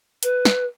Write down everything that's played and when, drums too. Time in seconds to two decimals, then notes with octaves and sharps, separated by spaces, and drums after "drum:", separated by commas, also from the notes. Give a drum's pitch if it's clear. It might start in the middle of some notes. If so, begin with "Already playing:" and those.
0.23 B4, drum: hi-hat
0.45 drum: snare